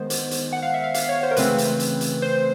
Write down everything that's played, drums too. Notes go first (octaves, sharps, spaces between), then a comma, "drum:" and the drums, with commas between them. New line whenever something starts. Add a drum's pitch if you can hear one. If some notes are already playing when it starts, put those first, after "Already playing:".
Already playing: D#3 G#3 B3 C5
drum: hi-hat
drum: hi-hat
F#5
F5
E5
F5
F5, drum: hi-hat
C#5
C5
A#4
C#3 E3 A3 C4 B4, drum: hi-hat
drum: hi-hat
drum: hi-hat
drum: hi-hat
C5